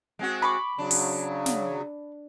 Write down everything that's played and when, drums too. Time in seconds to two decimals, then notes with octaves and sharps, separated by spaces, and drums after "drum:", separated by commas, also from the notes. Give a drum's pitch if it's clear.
0.19 G#3 C4 F#4
0.42 B5 C#6 D6
0.78 C#3 F#3 D4
0.91 drum: open hi-hat
1.46 drum: snare